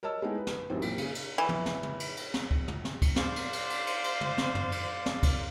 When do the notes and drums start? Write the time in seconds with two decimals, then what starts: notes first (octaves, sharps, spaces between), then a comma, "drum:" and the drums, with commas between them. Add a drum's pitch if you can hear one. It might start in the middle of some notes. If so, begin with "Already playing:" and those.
0.03 A#4 C#5 D#5 A5 E6
0.22 G#3 A3 B3 D#4 E4 G4
0.38 B4
0.47 drum: snare
0.70 A1 F#2 D#3 E3 C4 G4
0.82 A#2 G4, drum: cymbal
0.98 C#3 G#4, drum: cymbal
1.15 drum: cymbal
1.38 E3
1.49 drum: tom
1.66 drum: snare
1.83 drum: tom
2.00 drum: cymbal
2.17 drum: cymbal
2.34 drum: snare
2.51 drum: kick
2.68 drum: tom
2.85 drum: snare
3.02 drum: kick, cymbal
3.16 C5 D5 F5, drum: snare
3.36 drum: cymbal
3.53 drum: cymbal
3.70 drum: cymbal
3.87 drum: cymbal
4.04 drum: cymbal
4.21 drum: tom
4.38 drum: snare
4.55 drum: tom
4.72 drum: cymbal
5.06 drum: snare
5.23 drum: kick, cymbal